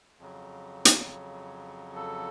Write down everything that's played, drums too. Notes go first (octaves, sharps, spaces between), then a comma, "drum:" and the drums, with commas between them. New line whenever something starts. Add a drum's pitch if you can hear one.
F2 C#3 F#3
drum: hi-hat
A4